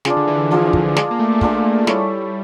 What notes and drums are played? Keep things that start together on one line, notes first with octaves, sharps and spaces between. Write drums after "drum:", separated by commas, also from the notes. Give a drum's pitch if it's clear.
C#3 D4 F4 G#4, drum: snare
D3
E3
E3
F3 D4 F4 G#4
drum: kick
G#3 D4 F4 G#4, drum: snare
A#3
A3
A#3
A3 D4 F4 G#4, drum: kick
G3 E4 A4 C#5, drum: snare